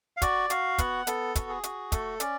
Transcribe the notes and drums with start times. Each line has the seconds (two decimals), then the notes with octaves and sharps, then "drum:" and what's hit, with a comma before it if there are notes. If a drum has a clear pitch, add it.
0.17 F5
0.22 F#4 D5, drum: kick, hi-hat
0.50 F#4 F5, drum: hi-hat
0.78 B3 F#5, drum: kick, hi-hat
1.07 B3 A4, drum: hi-hat
1.35 F#4, drum: kick, hi-hat
1.49 G#4
1.63 F#4, drum: hi-hat
1.92 A3 A4, drum: kick, hi-hat
2.20 C#4 D5, drum: hi-hat